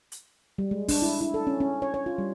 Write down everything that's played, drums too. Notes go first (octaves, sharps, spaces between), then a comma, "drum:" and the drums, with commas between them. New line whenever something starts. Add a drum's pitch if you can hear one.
drum: hi-hat
G3
G#3
D4, drum: kick, open hi-hat
E4
E4
A4
C#4
C#4
C#5
C#5
F4
G3